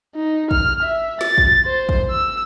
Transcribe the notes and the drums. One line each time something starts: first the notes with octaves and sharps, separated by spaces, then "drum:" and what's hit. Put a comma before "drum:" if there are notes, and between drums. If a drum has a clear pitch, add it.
D#4
F6, drum: kick
E5
A6, drum: snare
drum: kick
C5
drum: kick
E6